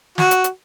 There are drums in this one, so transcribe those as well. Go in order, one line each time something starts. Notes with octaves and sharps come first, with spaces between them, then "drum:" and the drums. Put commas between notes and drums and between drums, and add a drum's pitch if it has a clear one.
F#4, drum: snare
drum: hi-hat
drum: hi-hat